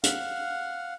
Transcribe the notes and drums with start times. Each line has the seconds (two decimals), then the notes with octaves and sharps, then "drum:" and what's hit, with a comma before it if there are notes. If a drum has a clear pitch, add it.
0.03 F5 F#5, drum: hi-hat